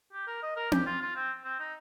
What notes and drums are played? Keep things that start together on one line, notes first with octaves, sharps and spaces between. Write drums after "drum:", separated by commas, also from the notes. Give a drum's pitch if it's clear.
G4
A#4
D#5
A#4
G4, drum: tom C4
F4
F4
C4
C4
D#4